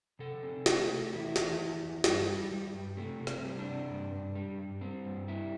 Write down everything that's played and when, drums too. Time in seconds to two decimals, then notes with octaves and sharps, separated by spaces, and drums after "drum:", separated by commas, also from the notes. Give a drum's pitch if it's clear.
0.19 C3 A4
0.43 C3
0.66 A3, drum: snare
0.88 A3
1.12 E2 E4
1.36 E2, drum: snare
1.59 E2
1.82 E2
2.04 G2, drum: snare
2.27 G3
2.51 G3
2.73 G2
2.97 C3 A3
3.20 C3
3.27 C4, drum: rim click
3.43 G3
3.59 D4
3.66 C3
3.90 G2
4.12 G2
4.35 G3
4.58 G2
4.81 G3 C4
5.05 G2
5.28 G3 E4